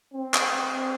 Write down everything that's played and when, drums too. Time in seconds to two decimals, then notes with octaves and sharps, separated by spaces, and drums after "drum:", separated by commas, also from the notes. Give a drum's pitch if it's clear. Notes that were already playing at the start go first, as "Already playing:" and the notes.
0.14 C4
0.34 drum: clap